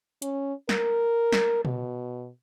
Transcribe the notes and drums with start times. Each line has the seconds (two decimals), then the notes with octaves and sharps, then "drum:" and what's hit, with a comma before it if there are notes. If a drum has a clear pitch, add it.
0.22 C#4, drum: hi-hat
0.69 A#4, drum: snare
1.32 drum: snare
1.65 B2, drum: tom A#2